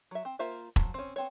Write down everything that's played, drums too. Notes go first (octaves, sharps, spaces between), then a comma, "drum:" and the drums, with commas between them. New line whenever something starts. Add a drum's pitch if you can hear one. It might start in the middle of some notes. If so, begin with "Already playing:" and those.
F#3 E5
C4
A#3 F4 C5 E5
F3 F#3, drum: kick E1
C4 C#4
B3 C4 C#5